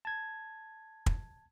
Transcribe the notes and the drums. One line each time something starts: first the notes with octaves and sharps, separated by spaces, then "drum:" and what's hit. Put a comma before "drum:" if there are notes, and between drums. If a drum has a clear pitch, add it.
A5 G#6
drum: kick